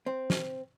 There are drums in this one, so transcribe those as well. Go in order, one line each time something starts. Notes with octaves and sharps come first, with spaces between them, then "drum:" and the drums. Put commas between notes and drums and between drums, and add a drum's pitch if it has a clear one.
C4
drum: snare